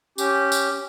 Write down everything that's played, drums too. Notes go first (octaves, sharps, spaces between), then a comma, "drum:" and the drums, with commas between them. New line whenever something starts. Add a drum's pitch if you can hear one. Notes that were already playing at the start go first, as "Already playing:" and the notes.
C#4 G4, drum: tambourine
drum: tambourine